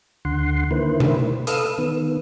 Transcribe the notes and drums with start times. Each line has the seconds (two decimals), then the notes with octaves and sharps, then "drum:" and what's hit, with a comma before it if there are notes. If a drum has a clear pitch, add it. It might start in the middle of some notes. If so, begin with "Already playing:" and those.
0.25 D2 D3 F#5 C6
0.71 D3 D#3 A#3 E4 B4 C5
1.00 drum: tom B2
1.47 A4 B4 F5 D#6 E6, drum: hi-hat
1.78 D#3 B3